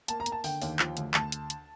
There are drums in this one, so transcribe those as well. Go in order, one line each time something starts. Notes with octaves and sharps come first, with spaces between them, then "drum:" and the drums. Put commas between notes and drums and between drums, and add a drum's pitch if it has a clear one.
A#3 A5, drum: hi-hat
A#5
A#3, drum: hi-hat
A5
D3 G5, drum: open hi-hat
D#2, drum: open hi-hat
F3, drum: clap
D2, drum: hi-hat
D2 A5, drum: clap
drum: hi-hat
drum: hi-hat